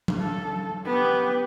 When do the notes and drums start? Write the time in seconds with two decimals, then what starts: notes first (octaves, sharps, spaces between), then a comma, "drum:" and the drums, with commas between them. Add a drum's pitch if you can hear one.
0.08 drum: tom F#3
0.21 A4
0.86 B3 G4